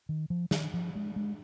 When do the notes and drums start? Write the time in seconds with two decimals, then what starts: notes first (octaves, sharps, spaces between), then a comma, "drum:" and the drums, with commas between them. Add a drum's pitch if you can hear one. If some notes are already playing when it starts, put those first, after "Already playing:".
0.09 D#3
0.30 F3
0.51 D#3, drum: snare
0.74 F3
0.95 G#3
1.16 G#3